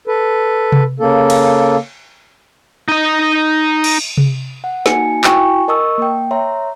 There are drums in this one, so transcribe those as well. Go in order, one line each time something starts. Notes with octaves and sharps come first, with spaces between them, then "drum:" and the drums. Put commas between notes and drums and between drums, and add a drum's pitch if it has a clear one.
A4 B4
drum: tom C3
C#3 A#3 A4
drum: cymbal
D#4 D#5
drum: cymbal
drum: tom C3
F#5
A#3 D#4 F#4 G#5 C#7, drum: snare
E4 F#4 G5 G#5 C#6, drum: clap
A#4 D#5 A5 C#6 D#6 E6
A#3 G5
C#5 E5 A#5 C6